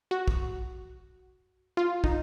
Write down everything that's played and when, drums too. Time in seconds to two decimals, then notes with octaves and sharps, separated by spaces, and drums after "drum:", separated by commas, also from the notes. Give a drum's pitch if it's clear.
0.11 F#4
0.28 drum: kick
1.77 F4
2.04 D#4, drum: kick